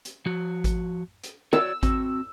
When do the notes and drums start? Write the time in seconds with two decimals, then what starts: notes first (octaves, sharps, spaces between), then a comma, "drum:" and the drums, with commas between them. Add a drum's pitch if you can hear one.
0.05 drum: hi-hat
0.26 F3 F#4
0.64 drum: kick G#1, hi-hat
1.24 drum: hi-hat
1.53 F#4 C#5 D5 E6
1.83 C4 F#4, drum: kick G#1, hi-hat